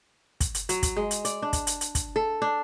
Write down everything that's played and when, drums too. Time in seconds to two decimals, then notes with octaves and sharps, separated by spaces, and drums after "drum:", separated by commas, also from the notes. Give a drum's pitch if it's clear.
0.41 drum: kick, hi-hat
0.55 drum: hi-hat
0.69 F#3, drum: hi-hat
0.83 drum: kick, hi-hat
0.96 G#3
1.11 drum: hi-hat
1.25 D5, drum: hi-hat
1.42 D4
1.53 drum: kick, hi-hat
1.67 drum: hi-hat
1.81 drum: hi-hat
1.95 drum: kick, hi-hat
2.16 A4
2.42 D4